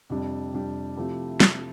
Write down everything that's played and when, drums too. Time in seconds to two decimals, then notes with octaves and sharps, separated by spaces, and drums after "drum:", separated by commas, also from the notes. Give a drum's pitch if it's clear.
0.10 F2 C3 G3 D4 G4
0.53 F2 C3 G3 D4 G4
0.96 C3 F3 A3 E4 G4
1.40 drum: snare